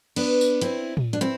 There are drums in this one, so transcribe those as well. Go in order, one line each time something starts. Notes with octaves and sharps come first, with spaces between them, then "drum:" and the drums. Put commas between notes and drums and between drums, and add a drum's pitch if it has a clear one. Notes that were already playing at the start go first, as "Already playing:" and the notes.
B3 D4, drum: cymbal
drum: tambourine
C4 E4, drum: hi-hat
drum: tom
D4
C4 E4